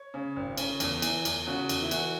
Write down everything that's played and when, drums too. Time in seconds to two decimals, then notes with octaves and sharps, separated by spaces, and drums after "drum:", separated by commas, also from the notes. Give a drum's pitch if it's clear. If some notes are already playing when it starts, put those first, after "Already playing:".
Already playing: C#5
0.14 C#3
0.36 G#1
0.57 C#3, drum: cymbal
0.80 E2, drum: cymbal
1.02 E3, drum: cymbal
1.25 E2, drum: cymbal
1.47 C#3 F#4
1.69 E2, drum: cymbal
1.82 E4
1.91 E3 F#4, drum: cymbal